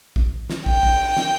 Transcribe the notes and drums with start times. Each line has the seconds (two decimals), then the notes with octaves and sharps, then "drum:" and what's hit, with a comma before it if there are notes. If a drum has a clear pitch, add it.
0.16 drum: kick
0.49 drum: snare
0.66 G5, drum: kick
0.83 drum: kick
1.17 drum: snare